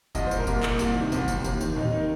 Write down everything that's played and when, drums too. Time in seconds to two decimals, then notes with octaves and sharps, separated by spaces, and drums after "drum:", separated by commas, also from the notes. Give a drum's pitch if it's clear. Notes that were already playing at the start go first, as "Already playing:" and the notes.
0.15 C2 D#5, drum: kick F1, tambourine
0.26 C5
0.31 A#2, drum: tambourine
0.37 A#4
0.47 C2 A#3, drum: kick F1, tambourine
0.63 A#2, drum: clap
0.79 C2, drum: tambourine
0.96 C3 D#3
1.12 C2 C4, drum: tambourine
1.28 A#2, drum: kick F1, tambourine
1.44 D#2, drum: tambourine
1.61 D#3, drum: tambourine
1.76 D#2 D#4, drum: tom A2
1.88 D#3 D#4
1.98 A#4